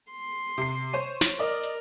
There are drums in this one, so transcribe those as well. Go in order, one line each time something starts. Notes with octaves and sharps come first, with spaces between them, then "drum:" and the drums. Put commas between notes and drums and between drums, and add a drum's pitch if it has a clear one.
C6
C3 C7
C5 C#5 D#7
drum: snare
A#4 D5 D#5
drum: hi-hat